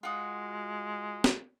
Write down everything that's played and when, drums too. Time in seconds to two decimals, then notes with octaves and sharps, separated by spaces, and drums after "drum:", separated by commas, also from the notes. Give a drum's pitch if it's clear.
0.03 G#3 F4 F#4 D#6
1.24 drum: snare